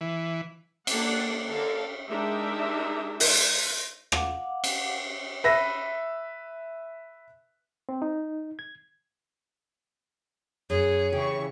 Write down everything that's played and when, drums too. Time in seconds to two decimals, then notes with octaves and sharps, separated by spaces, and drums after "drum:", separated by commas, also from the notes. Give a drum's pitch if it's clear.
0.01 E3
0.87 A#3 D4 A4 D5 F#5, drum: cymbal
1.48 D3 A4 A#4 F5
2.09 G#3 D4 D#4 G4 A#4 E5
3.20 drum: open hi-hat
4.12 F5 F#5 D6, drum: rim click
4.64 drum: cymbal
5.44 B4 E5 A#6
7.89 C4
8.02 D#4
8.59 G#6
10.70 F#2 G#4 C#5
11.12 C#3 E3 G4 C#6